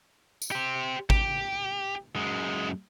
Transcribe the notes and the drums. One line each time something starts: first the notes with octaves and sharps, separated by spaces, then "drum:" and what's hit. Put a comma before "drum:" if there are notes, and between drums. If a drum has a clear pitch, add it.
drum: tambourine
G4 C5
G4, drum: kick G#1
F#2 G#3